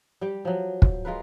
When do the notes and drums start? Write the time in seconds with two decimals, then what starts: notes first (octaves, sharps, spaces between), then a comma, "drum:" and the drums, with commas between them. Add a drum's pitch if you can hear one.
0.21 G3 G4 G5
0.45 F3 F#3
0.82 drum: kick
1.05 G#3 F4 A#4 B4